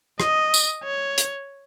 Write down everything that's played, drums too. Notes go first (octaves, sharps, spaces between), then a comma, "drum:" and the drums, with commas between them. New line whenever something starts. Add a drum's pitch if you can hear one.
D#5, drum: rim click
drum: tambourine
C#5
drum: hi-hat